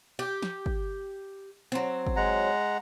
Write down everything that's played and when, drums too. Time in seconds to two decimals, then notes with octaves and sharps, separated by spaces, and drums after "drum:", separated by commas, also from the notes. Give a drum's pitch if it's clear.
0.19 G4
0.42 drum: snare
0.66 drum: kick
1.72 F#3 C4
2.07 drum: kick
2.16 G#3 F#5 A#5